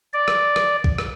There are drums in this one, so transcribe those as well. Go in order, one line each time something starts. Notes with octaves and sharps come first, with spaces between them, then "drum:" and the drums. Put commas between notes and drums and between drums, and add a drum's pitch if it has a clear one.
D5
drum: rim click
drum: rim click
drum: kick B1
drum: rim click